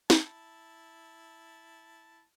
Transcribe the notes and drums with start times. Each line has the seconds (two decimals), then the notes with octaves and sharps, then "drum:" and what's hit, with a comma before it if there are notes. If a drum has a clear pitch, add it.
0.10 E4 A5, drum: snare